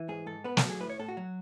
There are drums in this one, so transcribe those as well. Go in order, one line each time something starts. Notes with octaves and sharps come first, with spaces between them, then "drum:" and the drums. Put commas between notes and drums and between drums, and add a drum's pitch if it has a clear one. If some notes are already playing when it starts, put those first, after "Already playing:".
Already playing: E3
G#2 G#4
G#2 A4
B3 B4
A4, drum: snare
F#3
G#4
A2 B4
C#5
A2 A4
F#4
F#3